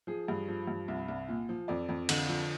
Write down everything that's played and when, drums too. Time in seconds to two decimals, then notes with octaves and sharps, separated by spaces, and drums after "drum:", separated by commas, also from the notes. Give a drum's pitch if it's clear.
0.07 F3 G#4
0.28 G2
0.48 F3
0.67 G2
0.88 C2
1.08 C2
1.28 A#2
1.49 F3
1.68 F2 D5
1.89 F2
2.09 D3, drum: cymbal
2.29 F3